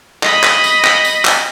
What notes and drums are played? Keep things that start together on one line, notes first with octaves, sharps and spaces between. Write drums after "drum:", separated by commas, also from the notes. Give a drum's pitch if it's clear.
D#5 B5, drum: clap
drum: clap
drum: tambourine
drum: clap
drum: tambourine
drum: clap